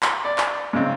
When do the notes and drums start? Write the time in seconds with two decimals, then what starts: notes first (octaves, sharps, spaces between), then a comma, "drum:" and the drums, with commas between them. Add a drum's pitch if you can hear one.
0.03 drum: clap
0.25 D5
0.38 drum: clap
0.73 G#2 C#3 C4